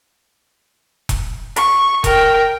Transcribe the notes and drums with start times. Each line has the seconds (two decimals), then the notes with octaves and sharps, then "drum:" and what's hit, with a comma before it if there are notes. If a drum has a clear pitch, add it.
1.09 drum: kick E1, hi-hat
1.56 C#6, drum: hi-hat
2.04 A#4 G5, drum: kick E1, hi-hat